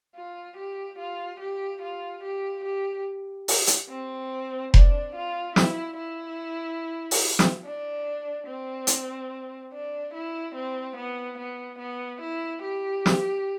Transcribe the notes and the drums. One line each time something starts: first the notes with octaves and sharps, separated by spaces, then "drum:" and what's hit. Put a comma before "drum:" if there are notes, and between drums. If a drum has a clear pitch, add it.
F4
G4
F4
G4
F4
G4
G4
drum: open hi-hat
drum: hi-hat
C4
D4, drum: kick F1
F4
E4, drum: snare
E4
drum: open hi-hat
drum: snare
D4
C4
drum: hi-hat
D4
E4
C4
B3
B3
B3
E4
G4
drum: snare